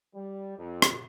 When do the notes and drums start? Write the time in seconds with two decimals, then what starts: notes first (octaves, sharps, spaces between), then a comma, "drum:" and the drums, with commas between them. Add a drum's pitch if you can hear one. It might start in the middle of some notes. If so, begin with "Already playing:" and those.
0.15 G3
0.58 F2
0.82 drum: rim click